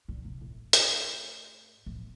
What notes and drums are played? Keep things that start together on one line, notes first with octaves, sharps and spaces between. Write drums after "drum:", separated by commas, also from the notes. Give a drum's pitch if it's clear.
A#2
C3
A2
drum: hi-hat
A2